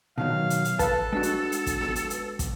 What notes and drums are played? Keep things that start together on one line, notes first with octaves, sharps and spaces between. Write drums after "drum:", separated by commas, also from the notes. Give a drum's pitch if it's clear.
B2 D#3 F#3 F5
drum: hi-hat
drum: hi-hat
A4 B4 A5, drum: kick, hi-hat
G#3 D4 F#4
drum: hi-hat
drum: hi-hat
drum: kick, hi-hat
drum: snare B3
drum: hi-hat
drum: hi-hat
drum: kick, hi-hat